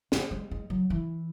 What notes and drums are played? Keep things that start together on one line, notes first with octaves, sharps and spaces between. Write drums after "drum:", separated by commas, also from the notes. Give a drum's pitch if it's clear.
A#3, drum: snare
G#3
G#3
F#3
E3